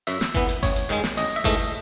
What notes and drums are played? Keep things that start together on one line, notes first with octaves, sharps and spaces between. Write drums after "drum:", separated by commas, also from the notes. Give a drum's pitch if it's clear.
F#2 E5, drum: open hi-hat
drum: snare
E3 B3, drum: kick G1, hi-hat
drum: hi-hat
A1 C#5, drum: kick G1, open hi-hat
drum: hi-hat
G#2 D#3 G#3, drum: hi-hat
drum: snare
A1 D#5, drum: open hi-hat
E5
G#2 E3 A3 D#5, drum: kick G1, hi-hat
drum: hi-hat